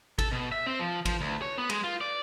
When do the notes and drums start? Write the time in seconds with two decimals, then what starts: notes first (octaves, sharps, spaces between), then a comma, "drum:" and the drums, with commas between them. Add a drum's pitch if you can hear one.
0.19 A4, drum: kick G#1, cymbal
0.32 B2
0.52 E5
0.67 C4
0.79 F3
1.05 F3, drum: kick G#1, cymbal
1.21 D2
1.42 C#5
1.58 B3
1.70 G#3, drum: cymbal
1.84 F4
2.01 D5